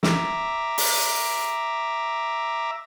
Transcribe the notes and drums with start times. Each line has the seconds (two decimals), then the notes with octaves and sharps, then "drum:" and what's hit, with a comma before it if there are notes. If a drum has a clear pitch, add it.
0.03 E5 A#5 D6, drum: snare
0.78 drum: open hi-hat